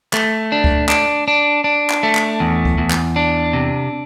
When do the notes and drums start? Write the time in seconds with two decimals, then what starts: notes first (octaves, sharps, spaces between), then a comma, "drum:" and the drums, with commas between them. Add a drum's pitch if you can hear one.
0.13 A3, drum: clap
0.52 D4
0.64 drum: kick C#2
0.89 D4, drum: clap
1.28 D4
1.64 D4
1.90 drum: clap
2.03 A3
2.15 drum: clap
2.40 E2
2.65 drum: kick C#2
2.78 E2
2.91 drum: clap
3.16 D4
3.53 C3